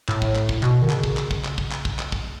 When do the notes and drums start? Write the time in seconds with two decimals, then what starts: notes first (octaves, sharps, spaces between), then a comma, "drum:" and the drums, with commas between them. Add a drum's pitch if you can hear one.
0.09 A2, drum: clap
0.22 drum: kick
0.35 drum: clap
0.49 drum: kick
0.63 B2, drum: clap
0.82 D#3
0.90 C#3, drum: clap
1.04 drum: kick
1.17 drum: clap
1.31 drum: kick
1.44 drum: clap
1.58 drum: kick
1.72 drum: clap
1.85 drum: kick
1.99 drum: clap
2.12 drum: kick